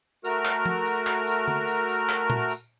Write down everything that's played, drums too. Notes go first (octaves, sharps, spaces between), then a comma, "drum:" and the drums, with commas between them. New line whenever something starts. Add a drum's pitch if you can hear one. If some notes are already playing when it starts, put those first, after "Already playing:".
A3 F#4 A#4 F6, drum: tambourine
drum: clap
drum: tom F3
drum: tambourine
drum: clap
drum: tambourine
drum: tom D3
drum: tambourine
drum: tambourine
drum: clap
drum: tom A#2
drum: tambourine